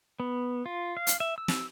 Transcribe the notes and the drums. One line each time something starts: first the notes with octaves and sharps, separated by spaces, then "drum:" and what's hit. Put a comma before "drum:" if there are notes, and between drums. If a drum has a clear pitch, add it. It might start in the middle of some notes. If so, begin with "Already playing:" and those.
B3
F4
F5
drum: hi-hat
E5
E6
drum: snare